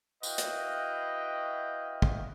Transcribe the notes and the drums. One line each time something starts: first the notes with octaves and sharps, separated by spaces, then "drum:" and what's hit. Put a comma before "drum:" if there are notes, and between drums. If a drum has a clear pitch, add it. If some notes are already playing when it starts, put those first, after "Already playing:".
E4 F#4 B4 D#5 F5 G5, drum: tambourine
drum: hi-hat
drum: kick